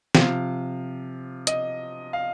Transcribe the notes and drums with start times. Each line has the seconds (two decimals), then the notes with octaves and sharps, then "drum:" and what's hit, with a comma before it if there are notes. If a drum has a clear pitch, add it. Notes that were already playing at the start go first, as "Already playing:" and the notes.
0.15 C3 F3 F5, drum: snare B3
1.47 D#5, drum: hi-hat
2.13 F5